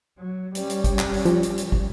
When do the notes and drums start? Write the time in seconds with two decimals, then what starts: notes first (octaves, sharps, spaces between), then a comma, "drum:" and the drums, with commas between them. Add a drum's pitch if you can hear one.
0.18 F#3
0.55 G3 C#4, drum: hi-hat
0.70 drum: hi-hat
0.84 drum: kick, hi-hat
0.99 drum: clap
1.14 drum: open hi-hat
1.25 F3, drum: hi-hat
1.43 drum: hi-hat
1.58 drum: hi-hat
1.72 drum: kick